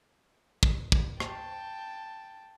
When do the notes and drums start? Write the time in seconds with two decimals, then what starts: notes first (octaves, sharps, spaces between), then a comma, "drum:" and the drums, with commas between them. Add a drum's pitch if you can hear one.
0.63 drum: kick
0.92 drum: kick
1.20 G5 A5, drum: rim click